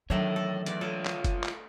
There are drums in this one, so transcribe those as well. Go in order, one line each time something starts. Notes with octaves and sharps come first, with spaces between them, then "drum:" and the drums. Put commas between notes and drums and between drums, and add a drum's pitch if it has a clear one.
D#3 E3 F#3 A3 D4 C#5 E5
A4
E2 D5, drum: hi-hat
F4 A4 C#5
drum: clap
drum: kick F#1, hi-hat
drum: clap